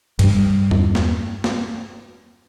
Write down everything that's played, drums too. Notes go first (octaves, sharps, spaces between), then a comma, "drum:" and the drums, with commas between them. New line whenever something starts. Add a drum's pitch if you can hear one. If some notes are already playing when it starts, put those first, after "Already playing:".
G2 G3, drum: cymbal
drum: tom E2
drum: snare
drum: snare